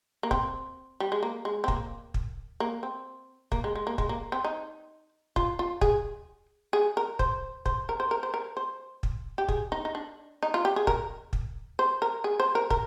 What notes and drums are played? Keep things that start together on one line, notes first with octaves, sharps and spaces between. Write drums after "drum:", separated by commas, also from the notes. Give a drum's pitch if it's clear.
A#3
C4, drum: kick
G3
G#3
A#3
G#3
C4
A#3, drum: kick
drum: kick
A#3
C4
A#3, drum: kick
G#3
G#3
A#3
G#3, drum: kick
A#3
C4
D#4
F4, drum: kick
F4
G#4, drum: kick
G#4
A#4
C5, drum: kick
C5, drum: kick
A#4
C5
A#4
C5
A#4
C5
drum: kick
G4
G#4, drum: kick
D#4
D#4
D4
D#4
F4
G4
G#4
A#4, drum: kick
drum: kick
C5
A#4
G#4
C5
A#4
A#4, drum: kick